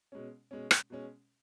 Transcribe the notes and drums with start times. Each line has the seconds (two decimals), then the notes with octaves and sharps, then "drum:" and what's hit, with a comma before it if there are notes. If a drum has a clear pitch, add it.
0.12 B2 G#3 C#4
0.51 B2 G#3 C#4
0.71 drum: rim click
0.90 B2 G#3 C#4